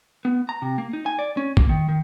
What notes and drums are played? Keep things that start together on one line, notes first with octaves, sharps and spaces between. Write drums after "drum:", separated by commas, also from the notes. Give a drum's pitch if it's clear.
B3
A#5
C3
A#3
D#4
G#5
D5
C#4
A#3, drum: kick A1
D#3
D#3